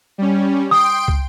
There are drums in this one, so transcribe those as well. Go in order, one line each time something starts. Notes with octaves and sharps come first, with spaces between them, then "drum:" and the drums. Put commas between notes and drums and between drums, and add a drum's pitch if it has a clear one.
G3 C#4
G5 C6 D#6 D7
drum: kick